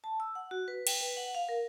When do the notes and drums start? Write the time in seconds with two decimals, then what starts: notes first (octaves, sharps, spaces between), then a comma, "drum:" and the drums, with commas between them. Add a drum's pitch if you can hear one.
0.04 A5
0.20 E6
0.35 F#5
0.51 F#4
0.68 B4
0.87 G5, drum: cymbal
1.01 B4
1.17 F#5
1.35 F5
1.49 A#4